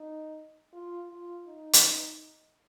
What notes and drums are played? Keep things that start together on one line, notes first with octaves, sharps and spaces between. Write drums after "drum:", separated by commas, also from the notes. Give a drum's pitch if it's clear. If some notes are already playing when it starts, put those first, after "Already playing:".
Already playing: D#4
F4
F4
D#4
drum: hi-hat